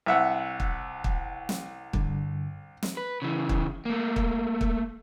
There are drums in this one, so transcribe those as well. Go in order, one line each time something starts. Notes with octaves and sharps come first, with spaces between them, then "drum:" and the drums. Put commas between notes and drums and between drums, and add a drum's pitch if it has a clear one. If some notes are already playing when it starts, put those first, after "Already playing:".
C2 E5 F#5
drum: kick
drum: kick
drum: snare
G2 D3, drum: kick
drum: snare
B4
C#3 E3
drum: kick
A3 A#3
drum: kick
drum: kick